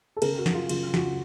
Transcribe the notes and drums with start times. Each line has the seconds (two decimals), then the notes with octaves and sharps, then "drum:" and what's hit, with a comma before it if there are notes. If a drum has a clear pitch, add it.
0.16 A4
0.22 C#3 A#4, drum: cymbal
0.38 F#4
0.46 F#2, drum: snare
0.54 F4
0.69 C#3 F4, drum: cymbal
0.94 C#2 F#4, drum: snare